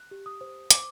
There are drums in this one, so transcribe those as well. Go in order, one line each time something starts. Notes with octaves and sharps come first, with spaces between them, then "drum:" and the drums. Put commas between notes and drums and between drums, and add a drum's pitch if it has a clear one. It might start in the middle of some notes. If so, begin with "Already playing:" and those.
Already playing: F#6
G4
D#6
C5
C5 D6, drum: hi-hat